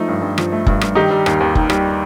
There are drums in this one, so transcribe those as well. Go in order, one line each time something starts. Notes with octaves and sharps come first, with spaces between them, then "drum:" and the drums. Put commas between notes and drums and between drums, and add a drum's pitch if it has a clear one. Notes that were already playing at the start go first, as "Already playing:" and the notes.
Already playing: F3 A3 D#4
G2
G2
F3, drum: rim click
A3
G2, drum: kick
G2, drum: rim click
D#3 D#4 G4
G3
D#2, drum: rim click
D#2
D#3, drum: kick
G3, drum: rim click